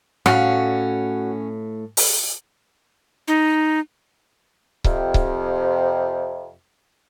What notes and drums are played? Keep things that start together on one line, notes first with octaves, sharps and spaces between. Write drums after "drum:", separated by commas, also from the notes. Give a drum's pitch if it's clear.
A2 C#4 F#4 F5 F#5, drum: rim click
drum: open hi-hat
D#4
F2 C3, drum: kick C#1
drum: kick C#1